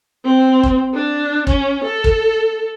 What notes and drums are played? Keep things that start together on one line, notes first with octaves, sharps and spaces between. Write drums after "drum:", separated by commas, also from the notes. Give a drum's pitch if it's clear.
C4
drum: kick
D4
C#4, drum: kick
A4
drum: kick